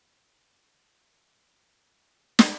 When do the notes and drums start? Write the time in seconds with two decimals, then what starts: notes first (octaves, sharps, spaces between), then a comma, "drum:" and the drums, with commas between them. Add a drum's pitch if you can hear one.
0.11 E5
0.40 D#5
0.99 D#5
1.29 D#5
1.59 E5
1.88 E5
2.39 drum: snare